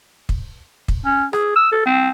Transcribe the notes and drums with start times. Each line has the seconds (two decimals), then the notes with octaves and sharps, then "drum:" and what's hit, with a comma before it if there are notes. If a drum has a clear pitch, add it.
0.29 drum: kick
0.88 drum: kick
1.05 C#4
1.33 G#4, drum: rim click
1.56 E6
1.72 A4
1.86 C4